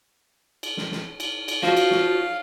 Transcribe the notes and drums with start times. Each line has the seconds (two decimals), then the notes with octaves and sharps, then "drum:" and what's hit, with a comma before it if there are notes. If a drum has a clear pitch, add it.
0.63 drum: cymbal
0.77 drum: snare
0.91 drum: snare
1.20 drum: cymbal
1.48 drum: cymbal
1.62 F3 F#4 F5, drum: snare
1.77 drum: cymbal
1.91 drum: snare